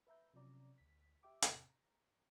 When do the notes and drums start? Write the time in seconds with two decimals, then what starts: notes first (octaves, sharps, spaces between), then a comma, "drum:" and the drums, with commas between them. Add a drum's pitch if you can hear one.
0.07 B4 E5 A#5 G6
0.34 C3 F3 F#3 C#4 D5 A#5
0.78 D2 B6
1.23 G4 E5 G5 D6
1.42 E2 A2 C3, drum: hi-hat
1.70 A#5